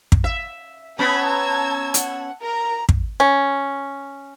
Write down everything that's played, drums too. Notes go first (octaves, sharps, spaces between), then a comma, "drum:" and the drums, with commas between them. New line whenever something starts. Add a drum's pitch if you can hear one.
drum: kick
E5
B3 C#4 A5 B5 E6 G#6
A#5
F#5, drum: hi-hat
A#4 A#5
drum: kick
C#4